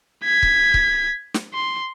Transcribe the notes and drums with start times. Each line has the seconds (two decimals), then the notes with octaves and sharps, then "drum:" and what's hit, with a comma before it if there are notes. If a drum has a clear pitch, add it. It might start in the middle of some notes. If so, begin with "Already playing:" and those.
0.25 G#6 B6
0.43 drum: kick
0.74 drum: kick
1.34 drum: snare
1.54 C6